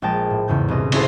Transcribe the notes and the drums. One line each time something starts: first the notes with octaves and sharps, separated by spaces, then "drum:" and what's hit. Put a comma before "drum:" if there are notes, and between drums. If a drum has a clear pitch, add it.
A#1 G#3 G5 A5
A2
E2 G#2 C#3 G6
C2 B2 D#5 D#6
C4 C#4 E4 G#4 A4 C5, drum: cymbal